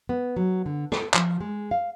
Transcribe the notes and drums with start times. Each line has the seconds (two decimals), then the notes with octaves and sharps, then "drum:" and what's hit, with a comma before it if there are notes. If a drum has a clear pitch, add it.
0.09 B3
0.36 F#3
0.66 D3
0.92 A4, drum: rim click
1.14 F3, drum: clap
1.41 G#3
1.71 F5